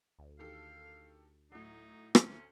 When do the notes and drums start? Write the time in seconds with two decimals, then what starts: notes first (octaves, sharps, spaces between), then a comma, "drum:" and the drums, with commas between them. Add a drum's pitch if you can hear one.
0.19 D2
0.39 D#3 G4 A4 F5
1.52 A2 F#3 D#4
2.15 D2 C4 C#4, drum: rim click